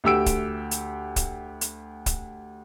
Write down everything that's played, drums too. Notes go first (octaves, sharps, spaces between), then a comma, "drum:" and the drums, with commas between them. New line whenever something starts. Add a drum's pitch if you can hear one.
D2 G4 E6 D7
drum: kick, hi-hat
drum: hi-hat
drum: kick, hi-hat
drum: hi-hat
drum: kick, hi-hat